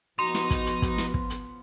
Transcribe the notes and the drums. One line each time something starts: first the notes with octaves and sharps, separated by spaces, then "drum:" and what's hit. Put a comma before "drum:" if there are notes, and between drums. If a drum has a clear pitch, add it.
F3 B3 F#4 D#5 A#5 C6
drum: snare
drum: kick, hi-hat
drum: hi-hat
drum: kick, hi-hat
drum: snare
drum: kick
drum: hi-hat